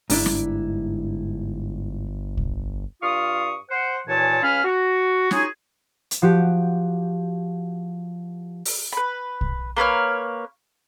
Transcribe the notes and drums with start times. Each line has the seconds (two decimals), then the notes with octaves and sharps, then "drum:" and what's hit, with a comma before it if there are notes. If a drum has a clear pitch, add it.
0.10 G1 G#2 D4 E4, drum: open hi-hat
0.26 drum: snare
2.37 drum: kick
3.02 G2 F4 F5 C#6 D#6
3.70 C5 F#5
4.07 D#2 A#2 E3 C#5 G#5 A5
4.43 C#2 C#4 F5 B5 F6
4.64 F#4
5.31 C#4 D#4 F4 F#4 G#4, drum: snare
6.11 drum: hi-hat
6.22 F3 F#4 G4
8.65 drum: open hi-hat
8.93 B4 B5
9.41 drum: kick
9.77 A#3 B4 C#5 F6